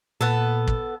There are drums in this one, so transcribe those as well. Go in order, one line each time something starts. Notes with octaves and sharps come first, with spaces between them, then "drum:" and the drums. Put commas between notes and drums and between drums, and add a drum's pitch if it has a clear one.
A#2 B3 A4
drum: kick